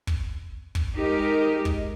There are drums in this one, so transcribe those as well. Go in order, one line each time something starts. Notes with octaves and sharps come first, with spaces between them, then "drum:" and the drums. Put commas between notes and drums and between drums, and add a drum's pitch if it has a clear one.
drum: kick
drum: kick
G#3 D#4 G4 A#4
drum: kick